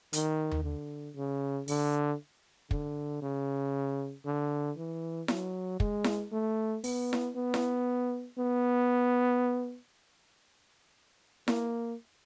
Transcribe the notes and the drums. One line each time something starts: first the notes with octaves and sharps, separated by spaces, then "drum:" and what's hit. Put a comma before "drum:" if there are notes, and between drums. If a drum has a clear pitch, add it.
D#3, drum: hi-hat
drum: tom D#2
D3
C#3
D3, drum: open hi-hat
D3, drum: kick
C#3
D3
E3
F#3, drum: snare E4
G#3, drum: kick
drum: snare E4
A3
B3, drum: open hi-hat
drum: snare E4
B3
drum: snare E4
B3
A#3, drum: snare E4